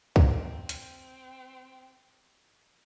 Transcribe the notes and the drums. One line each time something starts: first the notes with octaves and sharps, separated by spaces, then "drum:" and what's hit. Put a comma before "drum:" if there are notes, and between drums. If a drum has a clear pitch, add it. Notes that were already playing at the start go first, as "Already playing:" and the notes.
C4 E5 A#5, drum: kick
drum: hi-hat